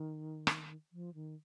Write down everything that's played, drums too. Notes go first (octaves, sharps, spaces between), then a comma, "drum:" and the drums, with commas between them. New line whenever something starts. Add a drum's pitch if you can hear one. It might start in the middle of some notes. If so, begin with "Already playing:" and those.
Already playing: D#3
drum: rim click
F3
D#3